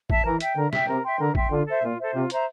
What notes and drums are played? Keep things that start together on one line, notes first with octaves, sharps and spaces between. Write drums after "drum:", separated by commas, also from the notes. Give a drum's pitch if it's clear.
E5 A5, drum: kick
E3 A#4
E5 G5, drum: hi-hat
D3 A#4
E5 G5, drum: snare
C3 A#4
E5 G5 C6
D3 A#4
E5 G5 C6, drum: kick
D3 F4
A4 C5 E5
A#2 F4
A4 C5 E5
C3 F4
C5 E5 A#5, drum: hi-hat